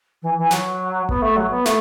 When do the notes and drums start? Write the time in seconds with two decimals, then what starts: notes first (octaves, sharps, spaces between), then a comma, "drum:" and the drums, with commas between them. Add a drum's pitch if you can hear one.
0.22 E3
0.38 E3
0.51 F#3, drum: snare
1.09 B3, drum: kick G#1
1.22 A3
1.36 F#3
1.50 B3
1.65 A3, drum: snare